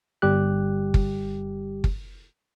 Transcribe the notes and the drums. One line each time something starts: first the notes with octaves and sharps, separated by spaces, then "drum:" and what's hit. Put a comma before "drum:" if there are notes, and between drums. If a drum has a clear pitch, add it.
G1 G3 G4 F#6
drum: kick
drum: kick